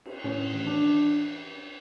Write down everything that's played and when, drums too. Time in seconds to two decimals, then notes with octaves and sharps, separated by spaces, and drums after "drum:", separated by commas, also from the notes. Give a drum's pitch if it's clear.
0.05 drum: cymbal
0.24 A2 C#4
0.52 E3
0.67 D4
0.81 E3